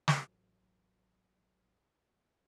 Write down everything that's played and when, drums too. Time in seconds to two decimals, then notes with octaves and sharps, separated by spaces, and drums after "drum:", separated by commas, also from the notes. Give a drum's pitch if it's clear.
0.08 drum: snare
0.26 A1 F#3